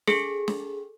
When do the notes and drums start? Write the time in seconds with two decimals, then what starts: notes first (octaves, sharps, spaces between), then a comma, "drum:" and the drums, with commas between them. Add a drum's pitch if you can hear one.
0.07 G#4 A4, drum: snare
0.48 drum: snare